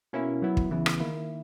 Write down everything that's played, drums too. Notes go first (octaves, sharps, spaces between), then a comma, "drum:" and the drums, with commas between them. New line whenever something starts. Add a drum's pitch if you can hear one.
B2 A#3 C#4 E4
F#3 B3 E4
drum: kick
C#3 E3 B3 E4
drum: rim click
D#3 A#3 E4